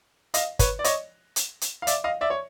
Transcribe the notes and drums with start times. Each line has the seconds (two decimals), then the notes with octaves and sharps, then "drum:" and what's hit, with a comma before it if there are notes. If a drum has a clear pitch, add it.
0.34 D#5 F5, drum: hi-hat
0.59 B4 C#5, drum: kick, hi-hat
0.79 D5
0.84 C#5 D#5, drum: hi-hat
1.36 drum: hi-hat
1.61 drum: hi-hat
1.82 F5
1.87 D5 E5, drum: hi-hat
2.04 D#5 F5
2.21 D5 E5
2.30 C#5